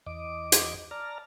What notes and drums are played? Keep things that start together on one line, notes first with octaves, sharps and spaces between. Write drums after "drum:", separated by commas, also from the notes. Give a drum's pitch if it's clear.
E2 D#5 D6
drum: hi-hat
D5 A5 A#5 F6